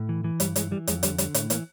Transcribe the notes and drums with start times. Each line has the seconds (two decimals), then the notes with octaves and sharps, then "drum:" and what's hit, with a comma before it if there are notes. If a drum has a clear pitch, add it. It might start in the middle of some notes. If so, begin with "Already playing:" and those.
Already playing: A2
0.09 E3
0.24 E3
0.40 G2 G3, drum: hi-hat
0.56 E3 G#3, drum: hi-hat
0.71 E3 G3
0.87 F2 G#3, drum: hi-hat
1.03 D3 G3, drum: hi-hat
1.18 D3 G3, drum: hi-hat
1.34 A2 A3, drum: hi-hat
1.50 E3 A#3, drum: hi-hat